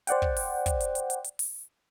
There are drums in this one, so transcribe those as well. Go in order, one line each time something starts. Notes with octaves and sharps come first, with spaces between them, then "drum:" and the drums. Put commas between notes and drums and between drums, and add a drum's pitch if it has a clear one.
C5 D5 F#5 G5, drum: hi-hat
drum: kick
drum: open hi-hat
drum: kick, hi-hat
drum: hi-hat
drum: hi-hat
drum: hi-hat
drum: hi-hat
drum: open hi-hat